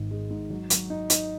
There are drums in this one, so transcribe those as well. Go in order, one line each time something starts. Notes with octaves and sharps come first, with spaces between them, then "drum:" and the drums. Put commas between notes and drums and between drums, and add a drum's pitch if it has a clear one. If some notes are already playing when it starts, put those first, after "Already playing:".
Already playing: G#1 G#2
G#3
G#2
F#3
F#3, drum: hi-hat
D#4
D#4, drum: hi-hat